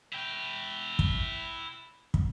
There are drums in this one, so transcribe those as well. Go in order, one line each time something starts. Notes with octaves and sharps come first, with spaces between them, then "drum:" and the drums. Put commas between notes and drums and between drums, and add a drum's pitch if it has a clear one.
E4 G5
drum: kick
drum: kick